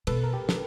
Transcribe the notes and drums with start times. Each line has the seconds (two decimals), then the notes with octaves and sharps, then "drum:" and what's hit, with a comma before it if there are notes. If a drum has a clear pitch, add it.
0.07 B2 A4 B4, drum: cymbal
0.23 A#4
0.33 G4 A4
0.49 A4, drum: snare